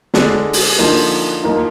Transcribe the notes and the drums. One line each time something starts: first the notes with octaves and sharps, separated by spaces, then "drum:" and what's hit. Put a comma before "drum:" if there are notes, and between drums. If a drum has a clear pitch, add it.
D3 G#3 D4, drum: snare
drum: open hi-hat
D3 F3 A#3 D#4
F3 A#3 D#4